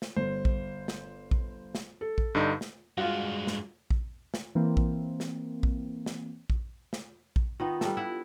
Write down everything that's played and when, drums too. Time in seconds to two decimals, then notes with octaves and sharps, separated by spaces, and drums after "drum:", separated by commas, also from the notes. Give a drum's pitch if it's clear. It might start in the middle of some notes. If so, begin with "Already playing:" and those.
0.02 drum: snare
0.16 G1 C5
0.45 drum: kick A#1
0.88 drum: snare
1.31 drum: kick A#1
1.75 drum: snare
2.01 A4
2.18 drum: kick A#1
2.35 G2 D3 D#4
2.61 drum: snare
2.98 G2 G#3 F4 F#4
3.47 drum: snare
3.91 drum: kick A#1
4.34 drum: snare
4.55 E3 A#3 C4
4.77 drum: kick A#1
5.20 drum: snare
5.63 drum: kick A#1
6.06 drum: snare
6.50 drum: kick A#1
6.93 drum: snare
7.36 drum: kick A#1
7.60 D#3 B3 D#4 F4
7.81 G3 D4 A4, drum: snare
7.97 E4 E5 F#5